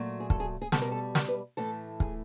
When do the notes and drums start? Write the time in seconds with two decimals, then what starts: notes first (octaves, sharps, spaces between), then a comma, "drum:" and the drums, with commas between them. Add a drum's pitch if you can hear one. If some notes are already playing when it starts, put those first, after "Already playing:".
Already playing: A#2 F#3 A3
0.20 G#4
0.30 A4, drum: kick
0.40 G#4
0.62 G#4
0.72 B2 G3 A4, drum: snare
0.82 A#4
0.92 A4
1.15 A#4, drum: snare
1.28 B4
1.57 A2 E3 A3 A4
2.00 G#4, drum: kick